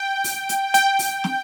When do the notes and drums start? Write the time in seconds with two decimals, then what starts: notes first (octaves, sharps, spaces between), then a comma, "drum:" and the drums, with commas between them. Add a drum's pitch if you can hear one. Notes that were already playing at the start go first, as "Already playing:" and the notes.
Already playing: G5
0.24 drum: open hi-hat
0.49 drum: hi-hat
0.74 G5, drum: hi-hat
0.99 drum: open hi-hat
1.24 drum: snare